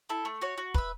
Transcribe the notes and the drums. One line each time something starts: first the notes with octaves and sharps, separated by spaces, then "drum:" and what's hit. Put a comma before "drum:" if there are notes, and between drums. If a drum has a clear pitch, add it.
E4 A4
A3
F#4 C#5
F#4
B4 E5, drum: kick